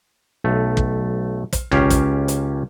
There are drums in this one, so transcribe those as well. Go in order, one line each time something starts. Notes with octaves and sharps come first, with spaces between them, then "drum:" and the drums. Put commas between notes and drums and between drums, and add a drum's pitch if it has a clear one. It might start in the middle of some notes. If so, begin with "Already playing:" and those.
B1 A3
drum: kick
drum: kick, hi-hat
C#2 C#4 G4 F5, drum: tom A#1
drum: kick, hi-hat
drum: hi-hat